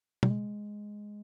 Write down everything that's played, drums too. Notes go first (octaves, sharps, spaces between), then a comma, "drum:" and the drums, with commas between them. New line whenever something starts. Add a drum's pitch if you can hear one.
G3, drum: tom
G#3